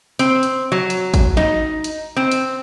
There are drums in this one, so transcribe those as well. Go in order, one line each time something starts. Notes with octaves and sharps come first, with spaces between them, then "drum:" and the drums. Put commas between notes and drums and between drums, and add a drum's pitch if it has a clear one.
C4, drum: hi-hat
drum: hi-hat
F#3
drum: hi-hat
drum: kick G#1, hi-hat
D#4, drum: snare
drum: hi-hat
C4
drum: hi-hat